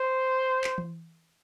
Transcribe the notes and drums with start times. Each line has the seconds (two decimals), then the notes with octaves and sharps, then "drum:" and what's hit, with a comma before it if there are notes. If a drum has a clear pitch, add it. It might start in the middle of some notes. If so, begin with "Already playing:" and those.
Already playing: C5
0.64 drum: clap
0.78 drum: tom E3